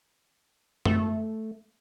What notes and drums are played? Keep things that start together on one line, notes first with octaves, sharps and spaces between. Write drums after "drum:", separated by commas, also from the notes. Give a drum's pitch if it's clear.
A3, drum: tom